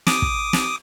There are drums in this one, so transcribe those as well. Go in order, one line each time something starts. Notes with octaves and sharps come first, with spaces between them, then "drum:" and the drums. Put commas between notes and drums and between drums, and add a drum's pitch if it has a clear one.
D6 D#6, drum: snare
drum: kick
drum: snare